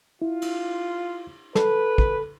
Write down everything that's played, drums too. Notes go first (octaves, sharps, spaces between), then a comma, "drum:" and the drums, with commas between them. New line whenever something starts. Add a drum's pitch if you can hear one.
E4 F4
drum: cymbal
A4 B4, drum: snare
drum: kick A1